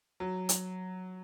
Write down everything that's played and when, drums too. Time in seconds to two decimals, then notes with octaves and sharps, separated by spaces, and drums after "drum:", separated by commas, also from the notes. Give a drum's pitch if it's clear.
0.20 F#3
0.49 drum: hi-hat